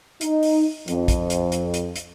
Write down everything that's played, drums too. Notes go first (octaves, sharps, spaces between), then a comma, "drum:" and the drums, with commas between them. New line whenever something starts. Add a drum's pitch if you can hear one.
D#4, drum: hi-hat
drum: open hi-hat
F2, drum: hi-hat
drum: kick, hi-hat
drum: hi-hat
drum: hi-hat
drum: hi-hat
drum: hi-hat